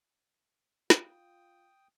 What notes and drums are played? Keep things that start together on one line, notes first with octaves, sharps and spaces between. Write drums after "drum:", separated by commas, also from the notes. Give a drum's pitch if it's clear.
F4 G5 D#6, drum: snare